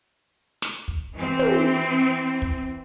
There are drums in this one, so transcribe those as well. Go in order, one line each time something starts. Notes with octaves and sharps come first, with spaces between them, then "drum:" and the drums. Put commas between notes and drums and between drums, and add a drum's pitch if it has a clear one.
drum: snare
drum: kick
E3 C4
drum: tom
drum: kick